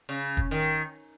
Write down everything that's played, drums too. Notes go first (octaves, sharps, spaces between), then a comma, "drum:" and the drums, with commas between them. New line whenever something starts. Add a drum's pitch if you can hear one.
C#3
drum: kick
D#3